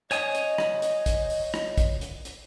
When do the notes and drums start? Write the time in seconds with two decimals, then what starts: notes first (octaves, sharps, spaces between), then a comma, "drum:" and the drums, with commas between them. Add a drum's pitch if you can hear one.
0.11 C#5 D#5 G#5 D#6, drum: hi-hat
0.35 drum: hi-hat
0.58 drum: rim click
0.82 drum: hi-hat
1.06 drum: kick, hi-hat
1.30 drum: open hi-hat
1.54 drum: rim click
1.78 drum: kick, hi-hat
2.01 drum: hi-hat
2.25 drum: hi-hat